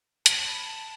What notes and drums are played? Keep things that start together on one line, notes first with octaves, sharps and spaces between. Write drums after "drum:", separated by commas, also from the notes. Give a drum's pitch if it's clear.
A5, drum: hi-hat
B5
A5